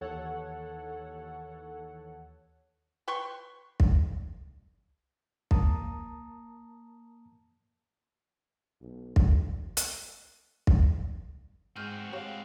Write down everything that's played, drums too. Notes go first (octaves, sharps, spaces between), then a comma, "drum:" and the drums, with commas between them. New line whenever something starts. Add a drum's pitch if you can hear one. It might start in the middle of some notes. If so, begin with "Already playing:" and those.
D#2 E3 A4 C#5 F#5
B4 G5 C6 C#6
drum: kick
A#3 A5 A#5 D#6, drum: kick
B1
D2, drum: kick
drum: hi-hat
drum: kick
G#2 C4 F#4 F6 G6 D#7
G#3 G4 C#5 F5